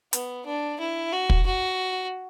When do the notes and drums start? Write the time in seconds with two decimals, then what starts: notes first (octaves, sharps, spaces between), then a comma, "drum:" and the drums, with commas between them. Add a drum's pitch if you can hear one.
0.13 B3, drum: hi-hat
0.46 D4
0.80 E4
1.13 F#4
1.30 drum: kick
1.46 F#4